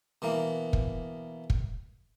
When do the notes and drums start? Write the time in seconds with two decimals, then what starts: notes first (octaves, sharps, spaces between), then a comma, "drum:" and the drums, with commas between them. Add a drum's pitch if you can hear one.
0.22 B2 E3 A#3 B3
0.73 drum: kick
1.50 drum: kick